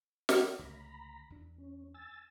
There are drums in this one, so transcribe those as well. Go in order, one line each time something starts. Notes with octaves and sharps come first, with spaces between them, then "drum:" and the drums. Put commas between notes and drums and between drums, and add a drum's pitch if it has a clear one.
drum: snare
C#2 D3 A3 A#5 B5
E2 D4
C#4
G#5 E6 A6